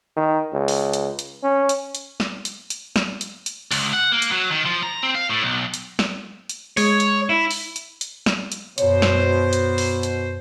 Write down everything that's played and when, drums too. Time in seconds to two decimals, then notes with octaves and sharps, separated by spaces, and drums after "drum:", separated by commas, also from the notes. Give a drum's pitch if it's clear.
0.17 D#3
0.53 C#2
0.68 drum: open hi-hat
0.93 drum: hi-hat
1.19 drum: hi-hat
1.43 C#4
1.69 drum: hi-hat
1.95 drum: hi-hat
2.20 drum: snare
2.45 drum: hi-hat
2.70 drum: hi-hat
2.96 drum: snare
3.21 drum: hi-hat
3.46 drum: hi-hat
3.71 C#2, drum: open hi-hat
3.93 F#5
4.12 A#3
4.22 drum: hi-hat
4.32 F#3
4.51 D#3
4.66 F3
4.83 A#5
5.03 C4
5.15 F5
5.29 A2
5.42 B1
5.74 drum: hi-hat
5.99 drum: snare
6.49 drum: hi-hat
6.77 G#3 C#5 G#6, drum: open hi-hat
7.00 drum: hi-hat
7.29 E4
7.51 drum: open hi-hat
7.76 drum: hi-hat
8.01 drum: hi-hat
8.26 drum: snare
8.52 drum: hi-hat
8.78 F#2 B2 C5 C#5, drum: hi-hat
9.02 drum: snare
9.53 drum: hi-hat
9.78 drum: open hi-hat
10.03 drum: hi-hat